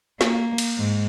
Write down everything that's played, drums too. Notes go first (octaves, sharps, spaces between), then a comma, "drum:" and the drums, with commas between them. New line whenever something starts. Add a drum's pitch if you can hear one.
A#3, drum: snare
drum: cymbal
G#2